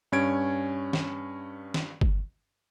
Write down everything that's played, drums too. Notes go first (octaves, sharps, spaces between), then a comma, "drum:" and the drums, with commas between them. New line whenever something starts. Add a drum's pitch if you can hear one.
G2 C#4 G#6 D7
drum: snare
drum: snare
drum: kick G1